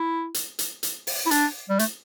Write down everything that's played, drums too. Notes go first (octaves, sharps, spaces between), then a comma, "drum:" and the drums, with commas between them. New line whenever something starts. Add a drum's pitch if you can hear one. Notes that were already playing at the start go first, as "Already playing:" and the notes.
Already playing: E4
drum: hi-hat
drum: hi-hat
drum: hi-hat
drum: open hi-hat
E4
D4, drum: hi-hat
G3
A3, drum: hi-hat